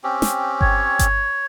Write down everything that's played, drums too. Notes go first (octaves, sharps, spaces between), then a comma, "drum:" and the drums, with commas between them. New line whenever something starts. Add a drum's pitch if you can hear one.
C4 C#4 G4
drum: snare
C#5, drum: kick G1
drum: kick G1, hi-hat